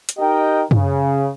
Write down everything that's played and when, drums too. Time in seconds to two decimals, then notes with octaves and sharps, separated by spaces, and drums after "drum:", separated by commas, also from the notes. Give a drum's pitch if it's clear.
0.09 drum: hi-hat
0.18 D#4 G4 A#4 D#5 G5
0.71 C#3, drum: tom F#2